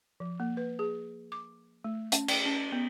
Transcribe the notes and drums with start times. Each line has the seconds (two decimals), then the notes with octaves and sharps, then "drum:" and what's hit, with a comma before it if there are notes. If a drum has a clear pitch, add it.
0.20 F3
0.40 A#3
0.57 B4
0.79 G#4
1.32 D6
1.84 A3
2.12 C#4, drum: hi-hat
2.28 G5, drum: cymbal
2.46 C#4
2.72 B3